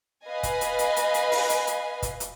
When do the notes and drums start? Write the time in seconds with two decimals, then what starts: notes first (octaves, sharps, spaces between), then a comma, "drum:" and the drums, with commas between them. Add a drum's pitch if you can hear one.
0.26 B4 D#5 F5 G#5
0.43 drum: kick, hi-hat
0.61 drum: hi-hat
0.79 drum: hi-hat
0.96 drum: hi-hat
1.14 drum: hi-hat
1.32 drum: open hi-hat
1.49 drum: hi-hat
1.67 drum: hi-hat
2.02 drum: kick, hi-hat
2.20 drum: hi-hat